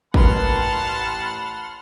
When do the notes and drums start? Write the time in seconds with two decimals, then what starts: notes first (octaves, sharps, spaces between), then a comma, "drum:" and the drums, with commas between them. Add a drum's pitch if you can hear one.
0.14 A1 A#4 B4 F#5 A5 B5 C6 F6, drum: kick